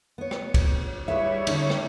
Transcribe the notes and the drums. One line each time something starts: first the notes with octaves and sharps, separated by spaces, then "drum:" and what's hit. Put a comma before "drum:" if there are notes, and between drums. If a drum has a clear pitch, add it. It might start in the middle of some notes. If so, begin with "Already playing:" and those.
B3 C#5
drum: rim click
drum: kick, cymbal
G3 E4 G#4 B4 C#5 E5
D3 C#4 D#4, drum: cymbal
drum: rim click